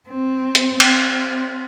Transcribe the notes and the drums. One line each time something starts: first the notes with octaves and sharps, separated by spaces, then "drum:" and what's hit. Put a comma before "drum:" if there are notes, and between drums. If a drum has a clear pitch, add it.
C4
drum: hi-hat
C4, drum: cymbal